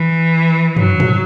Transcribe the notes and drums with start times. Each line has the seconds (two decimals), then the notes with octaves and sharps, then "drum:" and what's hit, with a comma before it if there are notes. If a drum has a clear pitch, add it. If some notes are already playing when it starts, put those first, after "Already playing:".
Already playing: E3
0.77 F#3, drum: tom F#2
1.00 drum: tom